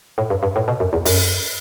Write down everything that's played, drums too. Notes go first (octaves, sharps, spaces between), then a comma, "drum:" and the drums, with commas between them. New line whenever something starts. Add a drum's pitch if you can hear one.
A2
G2
G2
A2
B2
F#2
E2
F#2, drum: open hi-hat